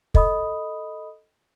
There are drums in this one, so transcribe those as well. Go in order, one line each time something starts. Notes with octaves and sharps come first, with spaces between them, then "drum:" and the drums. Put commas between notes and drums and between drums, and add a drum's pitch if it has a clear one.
A4 D#5 B5 D#6, drum: kick